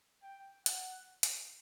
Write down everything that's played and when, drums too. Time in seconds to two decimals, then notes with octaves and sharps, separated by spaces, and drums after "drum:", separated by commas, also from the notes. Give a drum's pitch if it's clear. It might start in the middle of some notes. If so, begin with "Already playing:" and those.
0.23 G5
0.66 F#5, drum: hi-hat
1.23 drum: hi-hat